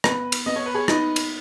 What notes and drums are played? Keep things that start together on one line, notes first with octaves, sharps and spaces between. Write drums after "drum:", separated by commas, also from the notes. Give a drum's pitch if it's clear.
B3 B4, drum: rim click
drum: cymbal
B3 D#5
C#5
B4
G#4 C#5
D#4 B4 D#5, drum: rim click
drum: cymbal